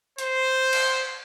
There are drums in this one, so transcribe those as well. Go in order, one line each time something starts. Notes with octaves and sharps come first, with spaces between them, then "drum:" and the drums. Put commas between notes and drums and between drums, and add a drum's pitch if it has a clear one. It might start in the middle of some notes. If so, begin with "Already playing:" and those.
C5, drum: hi-hat
drum: cymbal